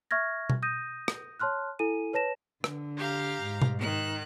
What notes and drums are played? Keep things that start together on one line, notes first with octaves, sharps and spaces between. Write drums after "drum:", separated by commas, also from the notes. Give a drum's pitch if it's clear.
E5 C#6 F6 G#6 A#6
drum: tom B2
D#6 G6 A#6 D#7
drum: rim click
C#5 A5 C6 F6 F#6
E4 A4 G#5 D#7
B4 C#5 A5 A#6 E7
D3, drum: rim click
G4 F5 A#5
G#2
drum: tom B2
D#3 F#6